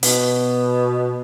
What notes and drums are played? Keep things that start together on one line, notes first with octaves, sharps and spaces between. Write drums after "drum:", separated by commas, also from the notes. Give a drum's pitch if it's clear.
B2, drum: hi-hat